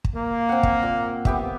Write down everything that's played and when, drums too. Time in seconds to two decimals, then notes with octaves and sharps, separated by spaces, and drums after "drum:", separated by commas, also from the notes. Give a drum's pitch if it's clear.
0.04 drum: kick
0.15 A#3
0.49 C4 F#5
0.63 drum: kick
0.83 A#2
1.25 B3 G4 E5, drum: kick